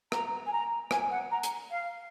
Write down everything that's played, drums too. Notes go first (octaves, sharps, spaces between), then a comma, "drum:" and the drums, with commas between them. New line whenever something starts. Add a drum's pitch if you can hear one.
A#5, drum: rim click
G#5
A#5
G#5, drum: rim click
F#5
A#5
drum: hi-hat
F5